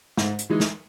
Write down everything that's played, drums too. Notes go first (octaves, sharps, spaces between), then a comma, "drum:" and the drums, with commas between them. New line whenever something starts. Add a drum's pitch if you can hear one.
G#2, drum: snare
drum: hi-hat
E3 G#3 D#4
drum: snare